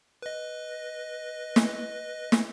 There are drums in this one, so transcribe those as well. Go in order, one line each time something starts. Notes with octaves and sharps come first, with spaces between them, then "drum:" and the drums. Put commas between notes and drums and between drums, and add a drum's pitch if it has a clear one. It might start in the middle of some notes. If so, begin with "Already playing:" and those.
B4 D#5
drum: snare
drum: snare